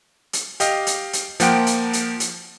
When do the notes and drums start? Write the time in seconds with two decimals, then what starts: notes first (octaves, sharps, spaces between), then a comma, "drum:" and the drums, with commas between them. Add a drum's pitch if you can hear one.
0.33 drum: hi-hat
0.60 G4 D#5 F5, drum: hi-hat
0.87 drum: hi-hat
1.13 drum: hi-hat
1.40 F3 A#3 F#5 G5 D7, drum: hi-hat
1.67 drum: hi-hat
1.93 drum: hi-hat
2.20 drum: hi-hat